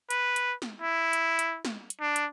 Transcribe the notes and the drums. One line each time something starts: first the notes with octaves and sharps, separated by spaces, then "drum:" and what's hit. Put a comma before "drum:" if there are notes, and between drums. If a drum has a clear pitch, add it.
B4, drum: hi-hat
drum: hi-hat
drum: snare
E4
drum: hi-hat
drum: hi-hat
drum: snare
drum: hi-hat
D4
drum: hi-hat